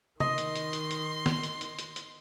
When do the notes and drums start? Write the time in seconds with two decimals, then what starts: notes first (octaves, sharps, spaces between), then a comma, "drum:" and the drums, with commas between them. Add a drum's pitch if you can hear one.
0.20 D#3 D#5 C6, drum: tom C3
0.38 drum: hi-hat
0.56 drum: hi-hat
0.73 drum: hi-hat
0.91 drum: hi-hat
1.26 drum: snare
1.43 drum: hi-hat
1.61 drum: hi-hat
1.79 drum: hi-hat
1.96 drum: hi-hat